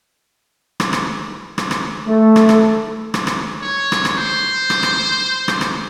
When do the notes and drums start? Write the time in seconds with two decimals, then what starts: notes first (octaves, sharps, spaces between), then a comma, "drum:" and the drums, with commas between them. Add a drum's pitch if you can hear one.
0.80 drum: rim click
0.93 drum: rim click
1.58 drum: rim click
1.71 drum: rim click
2.07 A3 A4
2.36 drum: rim click
2.49 drum: rim click
3.14 drum: rim click
3.27 drum: rim click
3.62 C#5
3.92 drum: rim click
4.05 drum: rim click
4.18 C5
4.70 drum: rim click
4.83 drum: rim click
5.48 drum: rim click
5.61 drum: rim click